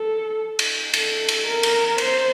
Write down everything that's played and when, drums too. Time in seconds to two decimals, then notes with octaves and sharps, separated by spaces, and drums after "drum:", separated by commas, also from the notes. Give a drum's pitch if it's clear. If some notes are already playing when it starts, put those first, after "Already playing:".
Already playing: A4
0.59 drum: cymbal
0.94 A4, drum: cymbal
1.28 drum: cymbal
1.46 A#4
1.63 drum: cymbal
1.98 C5, drum: cymbal